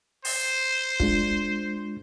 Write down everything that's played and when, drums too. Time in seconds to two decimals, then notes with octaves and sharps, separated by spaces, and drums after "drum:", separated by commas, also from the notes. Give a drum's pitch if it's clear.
0.25 C5, drum: open hi-hat
1.00 G#3 D4 F4, drum: kick